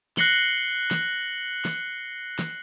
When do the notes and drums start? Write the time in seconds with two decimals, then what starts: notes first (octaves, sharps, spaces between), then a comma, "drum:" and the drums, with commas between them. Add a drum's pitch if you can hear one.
0.17 F#6 A#6 C7 C#7 F#7 G7, drum: snare
0.91 drum: snare
1.65 drum: snare
2.39 drum: snare